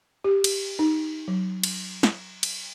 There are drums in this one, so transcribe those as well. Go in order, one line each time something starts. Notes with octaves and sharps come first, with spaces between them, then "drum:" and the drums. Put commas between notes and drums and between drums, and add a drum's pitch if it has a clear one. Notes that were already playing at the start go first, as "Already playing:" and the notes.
G4
drum: cymbal
D#4
F#3
drum: cymbal
drum: snare
drum: cymbal